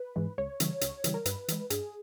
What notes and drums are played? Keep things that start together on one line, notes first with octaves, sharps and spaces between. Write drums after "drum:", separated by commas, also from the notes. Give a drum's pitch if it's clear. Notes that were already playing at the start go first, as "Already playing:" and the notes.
Already playing: B4
G#2 E3 G#3
C#2 C#5
C#3 E3 G3, drum: hi-hat
C#2, drum: hi-hat
C#3 E3 G3, drum: hi-hat
A#4
G2 B4, drum: hi-hat
E3 G#3, drum: hi-hat
G2 G#4, drum: hi-hat